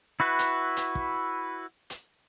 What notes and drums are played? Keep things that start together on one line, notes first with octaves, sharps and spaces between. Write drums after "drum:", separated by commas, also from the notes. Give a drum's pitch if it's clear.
E4 F#4 B4
drum: hi-hat
drum: hi-hat
drum: kick
drum: hi-hat